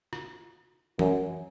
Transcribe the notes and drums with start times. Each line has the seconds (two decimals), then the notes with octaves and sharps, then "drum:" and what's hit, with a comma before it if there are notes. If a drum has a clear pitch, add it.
0.13 drum: rim click
0.99 F#2, drum: tom E3